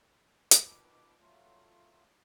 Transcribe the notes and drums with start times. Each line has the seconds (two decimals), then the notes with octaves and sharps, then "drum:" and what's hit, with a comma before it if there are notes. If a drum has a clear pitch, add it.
0.51 B2 D#3 F3 B4 D6, drum: hi-hat
1.20 F#3 A3 F4